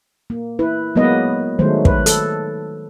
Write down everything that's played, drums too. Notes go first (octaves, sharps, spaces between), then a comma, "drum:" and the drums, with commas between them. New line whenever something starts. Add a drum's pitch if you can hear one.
A#3
E4 B4
F#3 G#3 A#3 B3 B4 D#5
D#3 F#3 G#3 A3 C5
B4, drum: kick
A4, drum: hi-hat